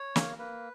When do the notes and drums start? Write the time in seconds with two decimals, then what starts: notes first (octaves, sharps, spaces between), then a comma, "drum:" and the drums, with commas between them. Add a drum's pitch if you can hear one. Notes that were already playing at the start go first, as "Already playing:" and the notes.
Already playing: C#5
0.16 A#3, drum: snare
0.38 A#3 B4